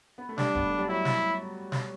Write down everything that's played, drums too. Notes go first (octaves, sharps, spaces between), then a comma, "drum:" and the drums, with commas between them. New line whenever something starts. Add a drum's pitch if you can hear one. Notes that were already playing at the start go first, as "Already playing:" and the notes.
B3
A3
G3 D4, drum: snare
B3, drum: kick E1
A3
G3
F#3 E4
drum: snare
drum: snare